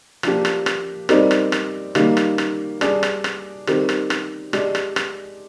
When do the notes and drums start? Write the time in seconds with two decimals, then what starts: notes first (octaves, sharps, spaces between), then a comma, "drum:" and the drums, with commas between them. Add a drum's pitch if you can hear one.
0.23 F3 A#3 D4 G4, drum: rim click
0.45 drum: rim click
0.66 drum: rim click
1.09 G3 C4 D#4 A#4 D5, drum: rim click
1.31 drum: rim click
1.52 drum: rim click
1.95 D#3 G3 A#3, drum: rim click
2.17 drum: rim click
2.38 drum: rim click
2.81 G3 D4 G#4 D5, drum: rim click
3.03 drum: rim click
3.24 drum: rim click
3.67 D#3 G3 C4 G4 A#4, drum: rim click
3.89 drum: rim click
4.10 drum: rim click
4.53 G#3 D4 G4 D5, drum: rim click
4.75 drum: rim click
4.96 drum: rim click